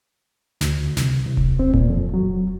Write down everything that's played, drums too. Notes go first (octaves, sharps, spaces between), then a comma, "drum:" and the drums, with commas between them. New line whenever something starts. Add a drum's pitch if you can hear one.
D2, drum: snare
C2, drum: snare
C2
drum: kick D#1
C4
A#2, drum: kick D#1
F2
F#3